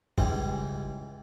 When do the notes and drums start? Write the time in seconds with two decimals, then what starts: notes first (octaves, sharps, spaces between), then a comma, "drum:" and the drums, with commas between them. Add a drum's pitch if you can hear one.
0.18 C#2 E3 G3, drum: kick